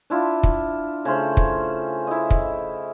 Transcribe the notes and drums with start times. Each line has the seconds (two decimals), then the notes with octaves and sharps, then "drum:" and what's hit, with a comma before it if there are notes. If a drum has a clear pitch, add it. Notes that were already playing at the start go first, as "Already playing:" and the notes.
0.10 D4 E4 F4
0.43 drum: kick
1.05 C#3 A3 C5
1.37 drum: kick
2.07 E4 D#5
2.31 drum: kick